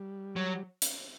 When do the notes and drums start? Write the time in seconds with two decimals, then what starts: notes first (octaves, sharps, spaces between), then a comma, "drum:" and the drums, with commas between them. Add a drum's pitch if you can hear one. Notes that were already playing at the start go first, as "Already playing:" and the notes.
Already playing: G3
0.36 F#3
0.82 drum: hi-hat